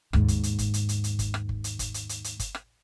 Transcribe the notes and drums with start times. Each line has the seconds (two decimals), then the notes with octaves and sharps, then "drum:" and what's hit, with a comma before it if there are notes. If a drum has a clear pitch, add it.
0.13 D#2 G#2, drum: rim click
0.28 drum: kick G1, hi-hat
0.43 drum: hi-hat
0.59 drum: kick G1, hi-hat
0.74 drum: hi-hat
0.89 drum: hi-hat
1.04 drum: hi-hat
1.19 drum: kick G1, hi-hat
1.34 drum: rim click
1.49 drum: kick G1
1.64 drum: hi-hat
1.79 drum: kick G1, hi-hat
1.94 drum: hi-hat
2.09 drum: hi-hat
2.24 drum: hi-hat
2.39 drum: kick G1, hi-hat
2.55 drum: rim click